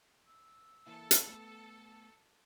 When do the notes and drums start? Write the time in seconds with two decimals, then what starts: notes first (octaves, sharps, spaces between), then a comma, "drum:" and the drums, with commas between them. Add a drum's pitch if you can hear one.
0.26 E6
0.87 E3 A#3 E4 A4
1.11 drum: hi-hat
1.27 A3 B3